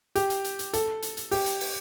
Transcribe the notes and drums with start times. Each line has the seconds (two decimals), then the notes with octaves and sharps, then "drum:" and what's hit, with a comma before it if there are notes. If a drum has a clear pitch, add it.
0.15 G4, drum: hi-hat
0.30 drum: hi-hat
0.44 drum: hi-hat
0.59 drum: hi-hat
0.73 A4, drum: hi-hat
1.02 drum: hi-hat
1.17 drum: hi-hat
1.31 G4, drum: open hi-hat
1.46 drum: hi-hat
1.60 drum: open hi-hat